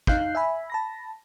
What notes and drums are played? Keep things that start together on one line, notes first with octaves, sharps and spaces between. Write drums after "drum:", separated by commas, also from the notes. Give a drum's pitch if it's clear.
D#4 F5 F#6 G6 C7, drum: kick
E5 G#5 B5
A5 B5 A#6